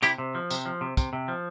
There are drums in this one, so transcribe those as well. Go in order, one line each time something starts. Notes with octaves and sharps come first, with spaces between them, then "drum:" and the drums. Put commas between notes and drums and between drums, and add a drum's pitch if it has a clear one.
C3 E4 G4, drum: tambourine
C3
F3
C3, drum: tambourine
F3
C3
C3, drum: kick, tambourine
C3
F3